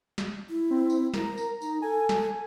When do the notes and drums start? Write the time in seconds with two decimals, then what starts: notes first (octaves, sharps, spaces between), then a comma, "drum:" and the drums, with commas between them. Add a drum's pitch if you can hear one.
0.18 drum: snare
0.49 E4
0.70 C4
0.90 drum: tambourine
1.14 A#4 A#5, drum: snare
1.37 drum: tambourine
1.62 D#4, drum: tambourine
1.82 A4 G#5
2.09 drum: snare